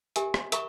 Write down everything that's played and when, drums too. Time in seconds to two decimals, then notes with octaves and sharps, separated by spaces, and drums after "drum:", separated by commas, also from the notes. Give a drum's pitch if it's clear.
0.16 G4 A#4 E5 G#5, drum: hi-hat
0.34 drum: rim click
0.52 A#4 E5 A#5 C#6, drum: hi-hat